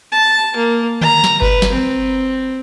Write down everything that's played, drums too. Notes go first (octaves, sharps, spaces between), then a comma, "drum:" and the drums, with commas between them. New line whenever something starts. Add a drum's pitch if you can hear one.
A5
A#3
A#5, drum: tom D3
drum: snare
B4, drum: kick G1
drum: snare
C4